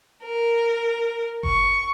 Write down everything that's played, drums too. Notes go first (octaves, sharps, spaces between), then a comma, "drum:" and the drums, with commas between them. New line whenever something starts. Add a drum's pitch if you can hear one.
A#4
C#6, drum: kick F#1